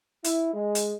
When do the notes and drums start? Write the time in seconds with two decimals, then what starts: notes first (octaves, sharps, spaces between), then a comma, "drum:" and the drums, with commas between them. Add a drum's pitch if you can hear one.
0.24 E4, drum: hi-hat
0.54 G#3
0.75 drum: hi-hat